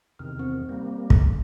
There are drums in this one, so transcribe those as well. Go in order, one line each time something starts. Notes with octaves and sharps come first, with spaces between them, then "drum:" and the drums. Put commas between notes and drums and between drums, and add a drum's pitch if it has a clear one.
E2 C3 D#3 F6
C4
G3 A#3
drum: kick